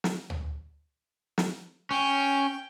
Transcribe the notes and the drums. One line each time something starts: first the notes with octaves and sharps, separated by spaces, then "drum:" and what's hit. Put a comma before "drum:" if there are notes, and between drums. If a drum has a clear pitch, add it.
drum: snare
drum: tom
drum: snare
C#4 G5